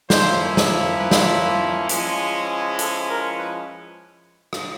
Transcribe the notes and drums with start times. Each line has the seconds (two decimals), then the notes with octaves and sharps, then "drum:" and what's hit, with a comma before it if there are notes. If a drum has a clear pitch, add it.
0.10 F3 A#3 C#4 E4 C5, drum: snare
0.57 drum: snare
1.00 B4
1.11 drum: snare
1.89 F3 G#3 C#4 E4, drum: hi-hat
2.79 A4, drum: hi-hat
3.08 A#4
3.39 B4
4.53 drum: rim click